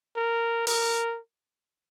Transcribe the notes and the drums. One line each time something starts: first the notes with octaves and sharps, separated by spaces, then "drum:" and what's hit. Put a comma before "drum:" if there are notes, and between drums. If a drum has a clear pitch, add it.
A#4
A#4, drum: open hi-hat